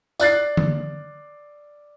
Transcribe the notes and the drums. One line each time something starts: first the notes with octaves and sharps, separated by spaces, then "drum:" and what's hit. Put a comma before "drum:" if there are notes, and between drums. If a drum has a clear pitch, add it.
D5 F#6 A6 C7, drum: tambourine
drum: tom D3